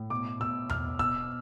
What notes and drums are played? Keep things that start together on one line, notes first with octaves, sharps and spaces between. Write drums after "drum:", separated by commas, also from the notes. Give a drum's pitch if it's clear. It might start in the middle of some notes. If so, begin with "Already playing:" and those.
Already playing: A2
B2 D6
B2 E6
B2 F6, drum: tom E2
B2 E6, drum: kick